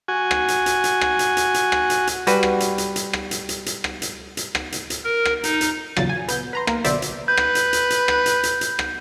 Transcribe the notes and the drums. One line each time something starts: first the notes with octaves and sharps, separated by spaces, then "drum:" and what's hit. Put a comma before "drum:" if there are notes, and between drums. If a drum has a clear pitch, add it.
F#4 G#5
drum: rim click
drum: hi-hat
drum: hi-hat
drum: hi-hat
drum: rim click
drum: hi-hat
drum: hi-hat
drum: hi-hat
drum: rim click
drum: hi-hat
drum: hi-hat
G3 F#4 B4, drum: hi-hat
drum: rim click
drum: hi-hat
drum: hi-hat
drum: hi-hat
drum: rim click
drum: hi-hat
drum: hi-hat
drum: hi-hat
drum: rim click
drum: hi-hat
drum: hi-hat
drum: rim click
drum: hi-hat
drum: hi-hat
A#4
drum: rim click
D#4, drum: hi-hat
drum: hi-hat
E2 A#2 C#3 F#3 A6, drum: rim click
G#5
B3 G6, drum: hi-hat
B4 A#5 C6
A#3 A#4, drum: rim click
B1 B2 D3 C5 D5 E5, drum: hi-hat
drum: hi-hat
B4 G6
drum: rim click
drum: hi-hat
drum: hi-hat
drum: hi-hat
drum: rim click
drum: hi-hat
drum: hi-hat
drum: hi-hat
drum: rim click